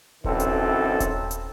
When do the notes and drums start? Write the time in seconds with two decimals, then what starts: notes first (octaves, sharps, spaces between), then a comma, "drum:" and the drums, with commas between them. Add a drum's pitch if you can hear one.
0.24 B1 F#2 E3 C4 A4, drum: kick D#1
0.40 drum: hi-hat
1.00 drum: kick D#1, hi-hat
1.31 drum: hi-hat